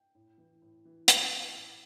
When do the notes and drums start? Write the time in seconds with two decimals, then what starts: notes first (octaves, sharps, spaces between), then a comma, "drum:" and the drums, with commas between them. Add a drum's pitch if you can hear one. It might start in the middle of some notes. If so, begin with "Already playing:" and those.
Already playing: G5
0.15 A2
0.38 E3
0.62 A2
0.85 E3
1.08 A2, drum: hi-hat
1.31 E3
1.54 A2 E6
1.69 D6